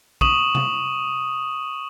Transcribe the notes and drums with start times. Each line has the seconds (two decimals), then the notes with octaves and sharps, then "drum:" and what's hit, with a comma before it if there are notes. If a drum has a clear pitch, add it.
0.21 C#6 D#6 E7 F#7, drum: kick
0.55 drum: tom C3